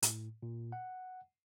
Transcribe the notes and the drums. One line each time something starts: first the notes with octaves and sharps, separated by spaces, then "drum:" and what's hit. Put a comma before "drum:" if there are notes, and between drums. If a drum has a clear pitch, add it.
A2, drum: hi-hat
A#2
F#5